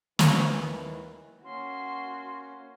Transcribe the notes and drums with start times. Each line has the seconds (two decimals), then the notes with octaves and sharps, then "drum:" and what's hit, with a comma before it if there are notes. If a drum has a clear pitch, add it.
0.19 D#2 D#3 E3, drum: snare
1.44 A#3 C#4 F#4 C6